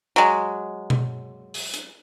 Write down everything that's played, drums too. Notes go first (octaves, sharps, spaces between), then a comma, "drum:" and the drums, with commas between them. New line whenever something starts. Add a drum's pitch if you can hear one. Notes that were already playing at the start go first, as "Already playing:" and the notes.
F#3 G#3
drum: tom B2
drum: open hi-hat
drum: hi-hat